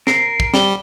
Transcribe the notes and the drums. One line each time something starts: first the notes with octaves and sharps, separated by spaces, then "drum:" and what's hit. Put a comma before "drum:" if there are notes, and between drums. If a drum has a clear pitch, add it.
A#4 C7, drum: snare
drum: kick
G3 G7, drum: snare